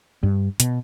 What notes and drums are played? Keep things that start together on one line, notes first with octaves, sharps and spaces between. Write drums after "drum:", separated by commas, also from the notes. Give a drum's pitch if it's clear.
G2
B2, drum: hi-hat